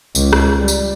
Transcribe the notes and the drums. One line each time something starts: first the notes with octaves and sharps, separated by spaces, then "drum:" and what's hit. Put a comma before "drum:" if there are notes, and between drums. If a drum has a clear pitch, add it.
C#2, drum: tambourine
drum: rim click
G3
drum: tambourine